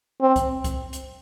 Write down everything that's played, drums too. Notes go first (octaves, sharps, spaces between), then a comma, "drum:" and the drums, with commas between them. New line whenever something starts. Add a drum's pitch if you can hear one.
C4
drum: kick C2, hi-hat
drum: kick C2, hi-hat
drum: hi-hat